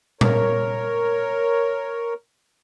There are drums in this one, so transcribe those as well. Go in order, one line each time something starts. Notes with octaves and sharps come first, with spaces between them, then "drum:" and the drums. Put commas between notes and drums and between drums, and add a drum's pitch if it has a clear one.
A#4 C#5, drum: tom A#2